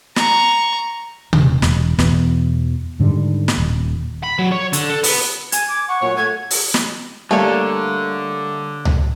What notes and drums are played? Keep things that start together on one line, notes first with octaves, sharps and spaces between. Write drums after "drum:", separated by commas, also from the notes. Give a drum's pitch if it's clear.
A#5 C#6, drum: snare
E1, drum: tom C3
E1, drum: snare
E2 B2 E3 B3, drum: snare
G#2 D3 D#3 G3
drum: snare
D#1
B5
F#3
C#5
D3, drum: hi-hat
A4
B3, drum: open hi-hat
G#5 G#6, drum: hi-hat
D6
F#5 C#6
A#2 F#3 C#5
A3 G#6
drum: open hi-hat
drum: snare
D3 G3 A3 A#3 C#5
drum: tom C#2